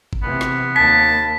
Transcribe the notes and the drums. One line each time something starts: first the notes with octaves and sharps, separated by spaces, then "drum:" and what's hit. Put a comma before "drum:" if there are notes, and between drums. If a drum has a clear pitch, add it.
drum: kick G1
C3 E3 B3
drum: snare
D#2 A5 B6